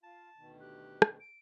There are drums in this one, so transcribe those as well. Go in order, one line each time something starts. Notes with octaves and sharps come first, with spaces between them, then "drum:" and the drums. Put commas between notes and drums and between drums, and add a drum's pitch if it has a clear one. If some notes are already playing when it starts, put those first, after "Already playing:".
F4 A5
D2 B2 D#3
G4 F#6
drum: rim click
D7